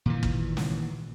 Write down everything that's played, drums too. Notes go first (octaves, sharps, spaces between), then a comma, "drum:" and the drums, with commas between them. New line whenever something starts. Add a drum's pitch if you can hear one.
A#2 D#3 E3
drum: kick
drum: snare